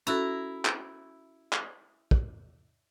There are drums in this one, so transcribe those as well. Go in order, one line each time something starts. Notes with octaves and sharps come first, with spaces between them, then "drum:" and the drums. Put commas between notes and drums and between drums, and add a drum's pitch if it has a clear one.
C#4 E4 F#4 A4 A#5
drum: clap
drum: clap
drum: kick